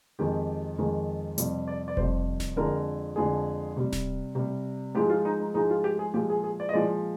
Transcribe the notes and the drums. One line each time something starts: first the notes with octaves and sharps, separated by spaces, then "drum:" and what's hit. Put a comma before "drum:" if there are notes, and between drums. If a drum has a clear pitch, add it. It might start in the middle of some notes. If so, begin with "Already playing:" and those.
F2 D#3 G#3 G4
F2 D#3 G#3
F2 C3 G3, drum: hi-hat
D5
D5
F2 C3 G3 C5, drum: kick F1
drum: snare D1
F2 D3 F3 G#3 A#4
F2 D3 F3 G#3 G#4
C3 G3
drum: snare D1
C3 G3
G#2 F3 G#3 G4
F4
D#4
D#4
G#2 F3 G#3 D#4
F4
G4
G#4
A#2 F3 G#3 G4
G#4
G#4
D5
D#5
A#2 F3 G#3 D5